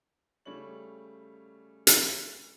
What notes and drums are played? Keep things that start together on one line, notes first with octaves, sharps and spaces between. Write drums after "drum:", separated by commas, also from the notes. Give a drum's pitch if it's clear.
C#3 G3 A3 C#5 F#7
drum: hi-hat